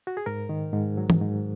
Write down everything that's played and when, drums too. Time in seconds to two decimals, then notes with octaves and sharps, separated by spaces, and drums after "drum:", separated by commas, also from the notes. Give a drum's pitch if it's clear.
0.07 F#4
0.17 G#4
0.26 G#2 A#4
0.49 D#3
0.73 G#2
0.97 F#3
1.10 drum: tom E3
1.21 G#2